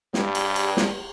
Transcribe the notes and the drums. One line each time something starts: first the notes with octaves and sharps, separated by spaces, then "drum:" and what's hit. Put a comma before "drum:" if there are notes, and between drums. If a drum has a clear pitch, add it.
G2, drum: snare
drum: cymbal
drum: cymbal
drum: snare